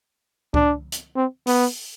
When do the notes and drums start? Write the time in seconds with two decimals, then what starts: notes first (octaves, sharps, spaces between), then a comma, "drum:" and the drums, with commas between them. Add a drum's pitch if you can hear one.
0.54 D4, drum: kick C#2
0.92 drum: hi-hat
1.16 C4
1.47 B3, drum: open hi-hat